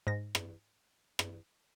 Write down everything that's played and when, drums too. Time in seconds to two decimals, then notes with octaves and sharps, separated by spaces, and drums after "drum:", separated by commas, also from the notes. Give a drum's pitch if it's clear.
0.07 G#2 A#6
0.35 drum: rim click
1.19 drum: rim click